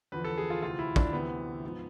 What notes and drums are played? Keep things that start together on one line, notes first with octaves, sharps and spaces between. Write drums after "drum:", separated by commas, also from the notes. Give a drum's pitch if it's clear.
E2 D3 F3 B4
A4
G#4
F4
D2 C3 E3 F4
E4
D4, drum: kick
D2 C3 E3 B3
G#2 F3